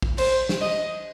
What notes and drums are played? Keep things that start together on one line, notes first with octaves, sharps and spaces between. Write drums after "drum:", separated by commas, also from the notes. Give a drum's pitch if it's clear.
drum: kick
C5, drum: cymbal
drum: snare
D#5